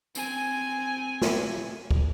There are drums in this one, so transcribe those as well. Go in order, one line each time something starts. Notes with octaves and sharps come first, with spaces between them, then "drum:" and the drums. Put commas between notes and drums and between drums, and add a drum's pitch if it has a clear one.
C4 G#5, drum: tambourine
drum: snare
drum: kick